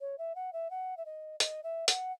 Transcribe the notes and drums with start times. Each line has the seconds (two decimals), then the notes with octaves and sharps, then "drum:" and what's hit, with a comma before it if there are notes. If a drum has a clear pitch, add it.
0.01 C#5
0.18 E5
0.35 F#5
0.53 E5
0.71 F#5
0.97 E5
1.06 D#5
1.40 D#5, drum: hi-hat
1.64 E5
1.88 F#5, drum: hi-hat